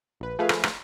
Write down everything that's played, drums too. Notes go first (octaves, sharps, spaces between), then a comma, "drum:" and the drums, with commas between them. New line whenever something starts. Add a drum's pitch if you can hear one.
A#1 B4
F3 A3 G#4 B4 F5
drum: rim click
drum: rim click